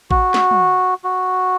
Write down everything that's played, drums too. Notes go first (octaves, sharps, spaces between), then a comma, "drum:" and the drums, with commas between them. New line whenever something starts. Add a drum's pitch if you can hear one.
F#4, drum: kick A1
drum: snare
drum: tom
F#4